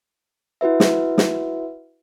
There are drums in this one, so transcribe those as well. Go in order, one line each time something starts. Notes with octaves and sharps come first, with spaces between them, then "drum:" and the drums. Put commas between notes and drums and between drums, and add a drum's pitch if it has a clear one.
E4 F#4 B4 E5
drum: snare
drum: snare